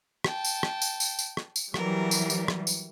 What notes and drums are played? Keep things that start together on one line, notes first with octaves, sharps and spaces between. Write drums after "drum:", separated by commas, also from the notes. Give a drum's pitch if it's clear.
G5 A5, drum: rim click
drum: tambourine
drum: rim click
drum: tambourine
drum: tambourine
drum: tambourine
drum: rim click
drum: tambourine
E3 F#3 G3 A#4, drum: rim click
drum: tambourine
drum: tambourine
drum: rim click
drum: tambourine